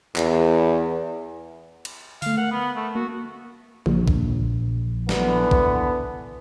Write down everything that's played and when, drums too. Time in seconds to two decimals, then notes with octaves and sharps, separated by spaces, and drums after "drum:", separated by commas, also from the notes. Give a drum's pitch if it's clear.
0.16 E2, drum: clap
1.85 drum: cymbal
2.22 D3 A3 F5, drum: open hi-hat
2.38 A#4 F#5
2.52 B3
2.77 A3
2.95 A#3 F#4
3.86 A#1, drum: tom C#3
4.08 drum: kick A#1
5.09 D3 E3 B3, drum: snare
5.51 drum: kick A#1